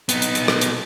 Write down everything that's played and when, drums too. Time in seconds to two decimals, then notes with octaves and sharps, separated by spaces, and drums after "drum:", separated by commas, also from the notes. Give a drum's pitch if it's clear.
0.09 B3 D#4, drum: hi-hat
0.22 drum: hi-hat
0.35 drum: hi-hat
0.48 drum: rim click
0.61 drum: hi-hat